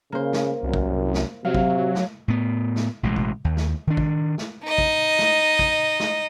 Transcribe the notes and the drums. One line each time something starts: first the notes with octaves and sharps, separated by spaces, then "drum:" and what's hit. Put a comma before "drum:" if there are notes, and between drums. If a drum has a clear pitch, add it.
C#3 A#3 C5
drum: snare
C2 F#2
drum: kick
drum: snare
C3 F#3 F5
drum: kick
drum: snare
A2 B3
drum: snare
A1 B2 G#3
drum: kick
D#2
drum: snare
D#3 D4
drum: kick
drum: snare
D#4 D#5
drum: kick
drum: snare
drum: kick
drum: snare